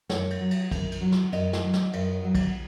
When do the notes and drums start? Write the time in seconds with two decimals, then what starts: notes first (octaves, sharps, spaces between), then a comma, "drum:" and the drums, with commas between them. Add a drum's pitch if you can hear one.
0.09 F#2 C#5, drum: snare
0.30 drum: cymbal
0.41 F#3
0.51 drum: cymbal
0.71 F#2, drum: kick, cymbal
0.92 drum: cymbal
1.01 F#3
1.12 drum: snare
1.33 F#2 D#5, drum: cymbal
1.53 drum: snare
1.63 F#3
1.73 drum: snare
1.93 F#2, drum: cymbal
2.24 F#3
2.35 drum: kick, cymbal